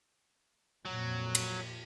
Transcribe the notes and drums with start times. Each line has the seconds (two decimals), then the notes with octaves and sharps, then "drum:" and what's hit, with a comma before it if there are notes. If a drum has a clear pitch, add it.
0.85 F2 A#2 F#3
1.35 drum: cymbal